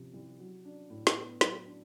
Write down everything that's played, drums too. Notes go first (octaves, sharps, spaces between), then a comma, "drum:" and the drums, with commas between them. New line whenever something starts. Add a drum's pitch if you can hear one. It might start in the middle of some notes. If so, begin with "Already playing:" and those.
Already playing: C2 C3 F3
C2
F#3
D4
A2
drum: snare
B3
F#3, drum: snare
D4